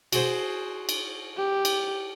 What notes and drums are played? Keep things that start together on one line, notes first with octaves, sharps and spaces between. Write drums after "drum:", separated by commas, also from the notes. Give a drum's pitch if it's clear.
F#4 G#4 C5, drum: cymbal
drum: cymbal
G4
drum: cymbal